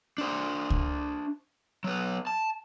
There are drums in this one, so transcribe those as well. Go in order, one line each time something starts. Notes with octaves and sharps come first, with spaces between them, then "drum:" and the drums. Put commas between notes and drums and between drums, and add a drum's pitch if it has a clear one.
D4 C5
drum: kick C#2
F#3 B3
A5